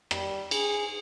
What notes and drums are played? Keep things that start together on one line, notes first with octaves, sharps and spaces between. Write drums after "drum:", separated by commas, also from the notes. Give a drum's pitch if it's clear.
G3, drum: rim click
G#4, drum: cymbal